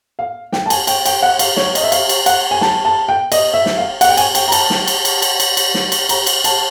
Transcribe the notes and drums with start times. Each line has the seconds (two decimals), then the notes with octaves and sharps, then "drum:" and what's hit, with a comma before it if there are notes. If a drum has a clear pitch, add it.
0.19 F5
0.53 G5, drum: snare
0.66 A5
0.70 G#5, drum: cymbal
0.87 G5, drum: cymbal
1.06 G5, drum: cymbal
1.22 F#5
1.39 F5, drum: cymbal
1.57 C#5, drum: snare
1.75 D#5, drum: cymbal
1.83 E5
1.92 F5, drum: cymbal
2.09 drum: cymbal
2.26 F#5, drum: cymbal
2.51 G#5
2.61 A5, drum: snare
2.85 A5
3.08 G5
3.32 D#5, drum: cymbal
3.54 E5
3.66 drum: snare
3.77 F5
4.01 F#5, drum: cymbal
4.09 G5
4.17 G#5, drum: cymbal
4.35 G5, drum: cymbal
4.48 A#5
4.52 A5, drum: cymbal
4.70 drum: snare
4.87 drum: cymbal
5.05 drum: cymbal
5.22 drum: cymbal
5.40 drum: cymbal
5.57 drum: cymbal
5.74 drum: snare
5.92 drum: cymbal
6.09 A#5, drum: cymbal
6.27 drum: cymbal
6.44 A5, drum: cymbal